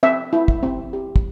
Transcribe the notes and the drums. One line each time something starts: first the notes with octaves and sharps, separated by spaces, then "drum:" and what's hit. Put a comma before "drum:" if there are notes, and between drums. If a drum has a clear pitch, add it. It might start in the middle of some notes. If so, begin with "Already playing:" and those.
C4 E5
E4
drum: kick
C4
G4
drum: kick